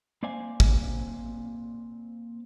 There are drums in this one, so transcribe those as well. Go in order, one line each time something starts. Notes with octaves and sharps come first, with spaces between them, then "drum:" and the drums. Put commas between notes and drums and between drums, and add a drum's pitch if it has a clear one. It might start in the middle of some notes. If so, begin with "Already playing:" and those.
A#3 C4 C5 D5 F5 G#5
drum: kick